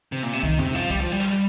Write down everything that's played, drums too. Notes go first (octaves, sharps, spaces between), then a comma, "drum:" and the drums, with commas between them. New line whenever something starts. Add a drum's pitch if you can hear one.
C3
A#2
C3
D#3, drum: kick C2
C3, drum: tom E2
F3
G3, drum: kick C2
F3
G3
drum: clap